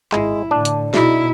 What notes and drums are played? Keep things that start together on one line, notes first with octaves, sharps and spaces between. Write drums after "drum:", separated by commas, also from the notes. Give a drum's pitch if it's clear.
G#1 G#3 E4, drum: clap
A2 D3 D4 A5
drum: hi-hat
B2 D#4 E4 F#4 G#4 E5, drum: snare